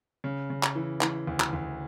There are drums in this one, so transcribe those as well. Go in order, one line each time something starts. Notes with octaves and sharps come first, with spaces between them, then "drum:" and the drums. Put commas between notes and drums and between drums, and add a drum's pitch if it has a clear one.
C#3
C#3
drum: clap
E3
E3, drum: clap
D2
drum: clap
D2